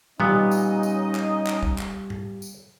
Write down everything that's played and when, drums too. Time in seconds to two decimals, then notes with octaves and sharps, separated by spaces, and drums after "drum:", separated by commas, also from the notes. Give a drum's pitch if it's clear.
0.20 A#2 G3 B3 C#4 D#4 D#5, drum: tom B2
0.51 drum: tambourine
0.83 drum: tambourine
1.15 drum: clap
1.47 drum: clap
1.63 drum: kick
1.78 drum: clap
2.10 drum: tom G#2
2.42 drum: tambourine